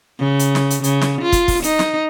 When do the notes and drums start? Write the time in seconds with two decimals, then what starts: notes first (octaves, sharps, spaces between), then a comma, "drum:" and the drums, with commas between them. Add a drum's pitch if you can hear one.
0.19 C#3
0.39 drum: hi-hat
0.55 drum: snare
0.70 drum: hi-hat
0.84 C#3, drum: hi-hat
1.01 drum: snare
1.22 F4
1.32 drum: kick, hi-hat
1.48 drum: kick, open hi-hat
1.64 D#4, drum: hi-hat
1.79 drum: snare